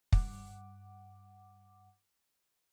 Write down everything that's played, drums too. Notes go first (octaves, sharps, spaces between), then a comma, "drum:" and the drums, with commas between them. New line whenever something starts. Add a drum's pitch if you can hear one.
G2 F#5 D6, drum: kick